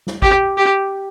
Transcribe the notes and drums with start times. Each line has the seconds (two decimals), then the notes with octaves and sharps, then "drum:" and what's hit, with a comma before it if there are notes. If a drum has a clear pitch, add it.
0.07 drum: snare
0.22 G4, drum: kick G#1
0.57 G4